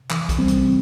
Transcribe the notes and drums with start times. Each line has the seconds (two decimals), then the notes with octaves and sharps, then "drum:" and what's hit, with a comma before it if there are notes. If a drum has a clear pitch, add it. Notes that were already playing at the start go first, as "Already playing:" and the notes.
0.10 E3, drum: clap
0.29 drum: kick B1, hi-hat
0.39 G3 C4
0.48 drum: hi-hat